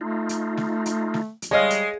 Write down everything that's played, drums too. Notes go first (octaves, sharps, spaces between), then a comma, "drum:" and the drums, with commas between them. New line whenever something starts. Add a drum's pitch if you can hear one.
A3 D#4 F4
drum: hi-hat
drum: snare
drum: hi-hat
drum: snare
drum: hi-hat
G3 G#3 C#5 D#5 F5
drum: hi-hat